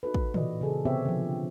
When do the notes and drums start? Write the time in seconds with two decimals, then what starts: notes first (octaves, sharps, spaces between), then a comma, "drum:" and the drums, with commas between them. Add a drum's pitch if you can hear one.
0.03 D#4 F#4 A4 B4
0.14 drum: kick
0.34 A#2 E3 F#4 D5 D#5, drum: tom
0.61 C#3 G#4 A4
0.85 C3 B3 C4 G4 C#5 E5
1.05 D3 F3